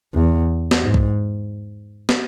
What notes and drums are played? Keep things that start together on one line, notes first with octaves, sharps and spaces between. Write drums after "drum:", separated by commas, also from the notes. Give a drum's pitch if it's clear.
E2
drum: snare
G#2
drum: kick B1
drum: snare